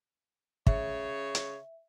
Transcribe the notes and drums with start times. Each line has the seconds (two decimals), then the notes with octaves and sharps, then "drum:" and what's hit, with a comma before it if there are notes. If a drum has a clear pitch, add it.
0.67 C#3 C#5 E5, drum: kick
1.35 drum: hi-hat